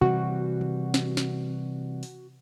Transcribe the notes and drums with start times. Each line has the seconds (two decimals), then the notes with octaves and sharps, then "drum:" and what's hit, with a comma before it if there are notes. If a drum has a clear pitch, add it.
0.01 C3 E3 G3 F#4
0.61 drum: tom D#3
0.94 drum: snare
1.17 drum: snare
2.03 drum: open hi-hat